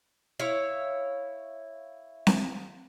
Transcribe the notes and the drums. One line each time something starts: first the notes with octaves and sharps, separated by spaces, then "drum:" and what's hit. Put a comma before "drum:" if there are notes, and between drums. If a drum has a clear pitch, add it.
E4 C#5 F5
drum: snare C4